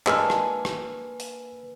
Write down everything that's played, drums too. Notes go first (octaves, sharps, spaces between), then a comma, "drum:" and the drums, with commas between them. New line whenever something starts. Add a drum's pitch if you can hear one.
G#3 A#3 D4 B4 G#5 E6 F6, drum: clap
drum: rim click
drum: rim click
drum: open hi-hat